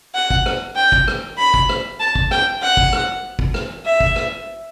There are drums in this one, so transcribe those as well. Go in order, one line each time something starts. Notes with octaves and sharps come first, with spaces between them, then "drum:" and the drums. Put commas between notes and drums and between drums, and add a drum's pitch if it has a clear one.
F#5
drum: kick
drum: rim click
G5
drum: kick
drum: rim click
B5
drum: kick
drum: rim click
A5
drum: kick
G5, drum: rim click
F#5
drum: kick
drum: rim click
drum: kick
drum: rim click
E5
drum: kick
drum: rim click